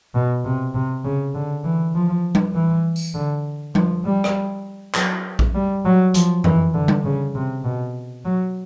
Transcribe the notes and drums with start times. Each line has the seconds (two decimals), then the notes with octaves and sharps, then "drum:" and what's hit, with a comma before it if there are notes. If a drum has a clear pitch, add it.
0.15 B2
0.45 C3
0.75 C3
1.04 C#3
1.35 D3
1.64 E3
1.95 F3
2.35 drum: tom G3
2.54 E3
2.96 drum: tambourine
3.14 D3
3.75 F3, drum: tom G3
4.05 G3
4.24 drum: rim click
4.94 F#3, drum: clap
5.39 drum: kick A#1
5.55 G3
5.85 F#3
6.14 F3, drum: hi-hat
6.44 E3, drum: tom F#2
6.74 D3
6.88 drum: tom G3
7.04 C#3
7.35 C3
7.64 B2
8.25 F#3